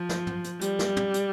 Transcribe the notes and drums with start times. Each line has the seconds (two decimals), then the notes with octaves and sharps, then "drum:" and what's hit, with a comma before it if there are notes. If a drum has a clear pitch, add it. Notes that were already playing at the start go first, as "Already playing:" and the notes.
Already playing: F3
0.09 drum: snare
0.27 drum: tom
0.44 drum: hi-hat
0.61 G3, drum: hi-hat
0.79 drum: snare
0.97 drum: tom
1.14 drum: hi-hat